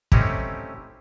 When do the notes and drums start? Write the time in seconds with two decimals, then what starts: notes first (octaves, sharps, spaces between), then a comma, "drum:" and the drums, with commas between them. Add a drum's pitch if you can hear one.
0.12 A3 C4 C#4 D#4 E4 G4, drum: kick